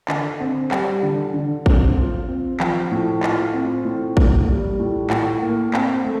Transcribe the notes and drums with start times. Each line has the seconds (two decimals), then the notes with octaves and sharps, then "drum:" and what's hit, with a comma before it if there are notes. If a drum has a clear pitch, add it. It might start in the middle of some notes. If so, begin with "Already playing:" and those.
0.08 D3, drum: clap
0.40 C4
0.71 G3, drum: clap
1.03 D3
1.34 D3
1.66 C4, drum: kick
1.97 F4
2.28 C4
2.60 F3, drum: clap
2.91 A2
3.23 F4, drum: clap
3.54 C4
3.85 A2
4.17 A#3, drum: kick
4.48 G3
4.80 A2
5.10 A2, drum: clap
5.42 A#3
5.74 C4, drum: clap
6.05 A3